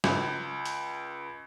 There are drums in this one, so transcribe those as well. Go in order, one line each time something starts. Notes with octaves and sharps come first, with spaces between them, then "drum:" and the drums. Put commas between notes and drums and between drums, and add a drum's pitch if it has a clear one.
C#2, drum: snare
drum: hi-hat